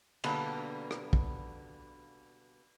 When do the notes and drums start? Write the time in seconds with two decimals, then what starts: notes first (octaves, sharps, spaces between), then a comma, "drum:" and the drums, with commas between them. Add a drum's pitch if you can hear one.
0.24 B2 D3 G3 A#3 B3, drum: cymbal
0.91 drum: rim click
1.13 drum: kick